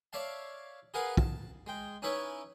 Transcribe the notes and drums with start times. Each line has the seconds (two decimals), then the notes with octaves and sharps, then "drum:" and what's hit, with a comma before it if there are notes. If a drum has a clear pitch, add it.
0.13 C#5 D5 E5 F5 A5
0.94 G#4 A#4 B4 F5 F#5 G#5
1.17 A5, drum: kick
1.67 G#3 G5
2.02 C#4 D#4 E4 B4 C#5 E5